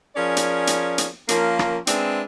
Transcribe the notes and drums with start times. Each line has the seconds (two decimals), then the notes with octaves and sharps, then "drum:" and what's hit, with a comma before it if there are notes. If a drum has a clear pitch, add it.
0.16 F3 C#4 G#4 A#4 D5
0.37 drum: hi-hat
0.67 drum: hi-hat
0.98 drum: hi-hat
1.29 F3 A#3 C#4 F4 A#4, drum: hi-hat
1.59 drum: rim click
1.87 G#3 C4 D4 G#4 B4 E5, drum: hi-hat